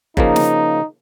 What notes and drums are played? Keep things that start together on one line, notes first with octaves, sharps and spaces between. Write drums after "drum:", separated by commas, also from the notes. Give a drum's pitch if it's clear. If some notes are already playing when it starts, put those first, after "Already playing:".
C#3 F3 A#3 D#4, drum: kick F#1
drum: snare